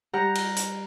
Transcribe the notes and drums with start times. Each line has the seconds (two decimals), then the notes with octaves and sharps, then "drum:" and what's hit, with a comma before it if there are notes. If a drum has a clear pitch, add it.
0.13 G3 G4 F#5 A#5 F6
0.35 drum: cymbal
0.56 drum: hi-hat